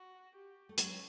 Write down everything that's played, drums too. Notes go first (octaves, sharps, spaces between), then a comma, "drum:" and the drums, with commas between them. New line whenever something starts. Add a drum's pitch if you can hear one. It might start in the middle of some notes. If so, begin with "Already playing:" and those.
Already playing: F#4
G4
A3
F#3 G#3 C#4, drum: hi-hat